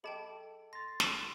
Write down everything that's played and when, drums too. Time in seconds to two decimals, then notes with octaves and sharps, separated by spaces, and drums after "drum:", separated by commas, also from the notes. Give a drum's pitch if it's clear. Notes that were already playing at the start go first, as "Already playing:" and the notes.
0.04 G#4 A4 D#5 G5 A5 B5 D6
0.73 C6 A6 A#6
1.00 drum: snare